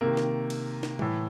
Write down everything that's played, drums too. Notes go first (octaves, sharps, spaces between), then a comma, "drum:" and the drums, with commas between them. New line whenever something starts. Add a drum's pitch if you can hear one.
C3 D#3 A#3
drum: snare
drum: cymbal
drum: snare
A2 E3, drum: tom G3